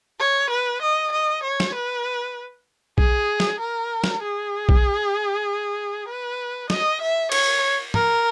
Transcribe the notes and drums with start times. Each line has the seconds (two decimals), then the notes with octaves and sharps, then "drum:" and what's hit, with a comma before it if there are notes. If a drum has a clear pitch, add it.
0.19 C#5
0.50 B4
0.82 D#5
1.12 D#5
1.43 C#5
1.60 drum: snare
1.74 B4
2.98 G#4, drum: kick B1
3.40 drum: snare
3.60 A#4
4.04 drum: snare
4.22 G#4
4.69 drum: kick B1
6.08 B4
6.70 D#5, drum: snare
7.01 E5
7.32 C#5, drum: cymbal
7.94 A#4, drum: tom